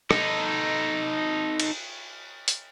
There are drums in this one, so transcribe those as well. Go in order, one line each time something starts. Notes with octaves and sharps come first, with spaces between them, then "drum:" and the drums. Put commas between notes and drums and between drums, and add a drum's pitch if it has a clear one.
D#4 A4, drum: rim click
drum: cymbal
drum: hi-hat